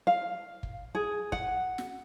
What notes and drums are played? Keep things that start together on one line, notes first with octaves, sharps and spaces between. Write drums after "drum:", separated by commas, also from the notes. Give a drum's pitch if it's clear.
F5
drum: kick
G#4
F#5, drum: kick
drum: snare